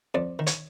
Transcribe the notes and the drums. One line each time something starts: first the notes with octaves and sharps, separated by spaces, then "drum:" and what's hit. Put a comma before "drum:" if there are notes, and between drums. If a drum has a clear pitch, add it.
F2 D5
D#3
C#5, drum: hi-hat